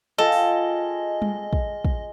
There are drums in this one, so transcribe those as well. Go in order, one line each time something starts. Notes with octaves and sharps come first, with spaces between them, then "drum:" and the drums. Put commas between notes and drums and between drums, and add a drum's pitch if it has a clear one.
F4 G#4 A4 D#5 G5
drum: open hi-hat
drum: tom G3
drum: kick
drum: kick